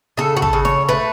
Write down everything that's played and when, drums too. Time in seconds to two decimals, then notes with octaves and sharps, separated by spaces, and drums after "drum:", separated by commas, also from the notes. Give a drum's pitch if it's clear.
0.17 C#3 A4
0.37 F#4
0.42 A4, drum: kick
0.53 C#3
0.65 C#5, drum: snare
0.89 A3 B4